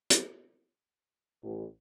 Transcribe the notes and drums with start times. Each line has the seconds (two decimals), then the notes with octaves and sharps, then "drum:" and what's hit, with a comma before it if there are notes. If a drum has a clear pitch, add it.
0.10 drum: hi-hat
1.43 A1